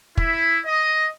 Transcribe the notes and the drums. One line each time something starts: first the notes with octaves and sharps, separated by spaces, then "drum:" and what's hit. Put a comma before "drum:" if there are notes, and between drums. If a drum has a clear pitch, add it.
E4, drum: kick
D#5